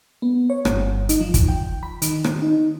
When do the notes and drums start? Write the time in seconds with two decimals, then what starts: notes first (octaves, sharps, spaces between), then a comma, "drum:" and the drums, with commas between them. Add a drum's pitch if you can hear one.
0.22 B3
0.50 C#5
0.65 G1, drum: rim click
1.09 D#4, drum: hi-hat
1.21 F3
1.34 drum: kick, hi-hat
1.48 G5
1.83 B5
2.02 D#3, drum: hi-hat
2.24 drum: rim click
2.42 D#4